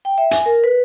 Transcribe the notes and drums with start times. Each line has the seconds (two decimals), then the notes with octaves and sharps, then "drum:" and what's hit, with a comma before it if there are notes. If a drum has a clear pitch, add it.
0.05 G5
0.18 E5
0.31 G#5, drum: hi-hat
0.46 A#4
0.64 B4